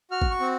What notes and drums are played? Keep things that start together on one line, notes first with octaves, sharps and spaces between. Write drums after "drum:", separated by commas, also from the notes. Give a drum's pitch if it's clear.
F#4 F6
drum: kick G#1
C#6
C4